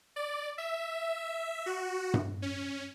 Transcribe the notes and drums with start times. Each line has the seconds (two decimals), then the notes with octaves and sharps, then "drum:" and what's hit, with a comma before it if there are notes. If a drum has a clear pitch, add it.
0.16 D5
0.58 E5
1.66 F#4
2.14 drum: tom G2
2.42 C#4